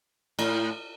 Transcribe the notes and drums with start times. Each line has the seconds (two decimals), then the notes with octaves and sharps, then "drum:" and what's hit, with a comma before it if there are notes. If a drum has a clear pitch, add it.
0.39 A2, drum: cymbal